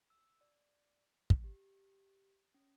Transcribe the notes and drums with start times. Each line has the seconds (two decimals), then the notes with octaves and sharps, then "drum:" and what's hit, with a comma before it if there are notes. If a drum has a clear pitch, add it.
0.10 E6
0.41 D5
1.30 drum: kick
1.44 G4
2.54 C#4